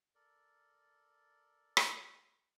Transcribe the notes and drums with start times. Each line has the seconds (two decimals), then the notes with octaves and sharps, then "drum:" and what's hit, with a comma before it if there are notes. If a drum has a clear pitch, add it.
0.15 A4 A#4 D5
1.77 drum: rim click